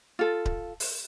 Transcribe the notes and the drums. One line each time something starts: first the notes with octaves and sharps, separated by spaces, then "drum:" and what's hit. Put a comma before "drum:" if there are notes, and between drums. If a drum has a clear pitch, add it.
F4 A4
drum: kick D1
drum: open hi-hat